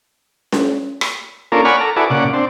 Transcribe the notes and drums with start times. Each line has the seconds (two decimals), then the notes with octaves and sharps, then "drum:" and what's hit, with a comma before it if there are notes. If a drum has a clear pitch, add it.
0.52 drum: snare C#4
1.01 drum: rim click
1.52 A#3 C#4 D4 F4 A4 A#4
1.65 C#5 D5 F#5 G#5 B5 F6
1.80 A4 A#5
1.96 E4 F#4 G#4 A4 B4 D5
2.10 A#2 C#3 D5 F#5
2.33 C4 D4